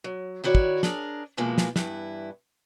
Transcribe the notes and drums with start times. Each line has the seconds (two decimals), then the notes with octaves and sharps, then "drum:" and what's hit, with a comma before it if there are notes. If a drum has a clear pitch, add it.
0.04 F#3
0.44 D#3 E4 F#4 C#5 D5
0.55 drum: kick
0.83 D4 G#4 A#4, drum: snare
1.37 B2 E3 F3 G#3 A#3
1.58 drum: snare
1.76 G2 E3 E4, drum: snare